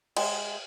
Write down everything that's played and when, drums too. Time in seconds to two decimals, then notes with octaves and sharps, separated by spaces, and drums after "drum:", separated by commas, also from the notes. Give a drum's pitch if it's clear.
0.17 G#3, drum: cymbal